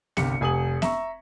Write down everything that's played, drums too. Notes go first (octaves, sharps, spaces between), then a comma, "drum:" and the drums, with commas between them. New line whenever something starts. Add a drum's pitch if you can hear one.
G1 C2 G4 C#7, drum: snare B3
F1 G#5 D#6 F#7
E5 A#5 C#6, drum: snare B3